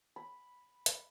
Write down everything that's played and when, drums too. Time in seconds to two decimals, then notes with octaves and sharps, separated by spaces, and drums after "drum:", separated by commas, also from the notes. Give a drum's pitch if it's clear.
0.16 B5
0.86 drum: hi-hat